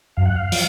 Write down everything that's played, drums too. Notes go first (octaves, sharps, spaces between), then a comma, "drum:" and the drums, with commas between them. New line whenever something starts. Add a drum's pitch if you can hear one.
F#2 F5
F#5
F5
F3, drum: open hi-hat